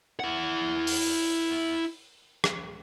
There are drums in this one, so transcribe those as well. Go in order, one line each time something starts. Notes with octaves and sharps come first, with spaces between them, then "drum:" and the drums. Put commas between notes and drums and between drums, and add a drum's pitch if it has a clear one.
E4 F#5
drum: open hi-hat
drum: rim click